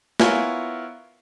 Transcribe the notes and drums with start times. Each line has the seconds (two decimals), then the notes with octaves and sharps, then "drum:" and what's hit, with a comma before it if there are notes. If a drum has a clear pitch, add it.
0.20 B3 E4 F4 A#4 C#5 G#5, drum: snare